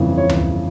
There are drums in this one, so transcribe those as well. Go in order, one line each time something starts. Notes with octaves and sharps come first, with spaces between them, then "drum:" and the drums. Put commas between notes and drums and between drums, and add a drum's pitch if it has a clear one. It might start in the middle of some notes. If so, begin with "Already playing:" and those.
Already playing: G1 F2 C#3 E3
C#5
drum: tom D2